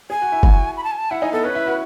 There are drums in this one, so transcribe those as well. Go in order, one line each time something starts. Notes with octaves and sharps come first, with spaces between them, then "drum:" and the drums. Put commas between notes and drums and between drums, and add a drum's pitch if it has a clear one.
G#4 G#5
F#4
E4
F#4, drum: kick F#1
B5
A5
G#5
A5
E4 F#5
D#4 G#5
B3 A4
C#4 B4
E4
F#4